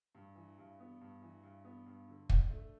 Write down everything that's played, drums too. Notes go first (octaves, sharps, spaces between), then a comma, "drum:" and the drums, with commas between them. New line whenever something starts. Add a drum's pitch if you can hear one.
G2
E3
G2
B3
G2
E3
G2
B3
G2
D3
D4, drum: kick
A3